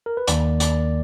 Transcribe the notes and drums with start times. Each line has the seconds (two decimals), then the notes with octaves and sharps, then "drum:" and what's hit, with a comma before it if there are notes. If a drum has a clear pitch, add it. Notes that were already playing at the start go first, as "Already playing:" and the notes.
0.06 A#4
0.17 B4
0.27 D#2 D#3 A#3 D5, drum: hi-hat
0.60 D5, drum: hi-hat